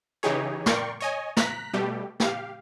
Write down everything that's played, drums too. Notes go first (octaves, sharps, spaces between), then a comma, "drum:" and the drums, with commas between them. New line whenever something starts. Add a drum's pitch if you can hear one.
C#3 E3 D#4 G4 G#4 C#5
A#4 D5 G5 C6 C#6, drum: snare
C#5 D#5 G#5
A#5 F#6 B6, drum: snare
B2 G3 A3 G4
G4 F5, drum: snare